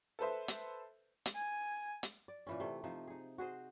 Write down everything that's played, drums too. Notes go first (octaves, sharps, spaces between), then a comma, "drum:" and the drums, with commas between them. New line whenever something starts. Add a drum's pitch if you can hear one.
A4 B4 C5 E5
drum: hi-hat
drum: hi-hat
G#5
drum: hi-hat
D5
A#2 E3 C#4
C3 A3 C4
C3 F3 D#4 C5
D#4 G#4
F#4 G#4 C5 D#5